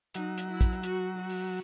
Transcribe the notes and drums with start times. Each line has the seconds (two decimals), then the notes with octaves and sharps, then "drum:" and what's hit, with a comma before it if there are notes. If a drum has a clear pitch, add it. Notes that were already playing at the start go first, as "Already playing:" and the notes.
0.14 F#3 D#4, drum: hi-hat
0.38 drum: hi-hat
0.49 E4
0.61 drum: kick, hi-hat
0.83 F#4, drum: hi-hat
1.18 F#4
1.30 drum: open hi-hat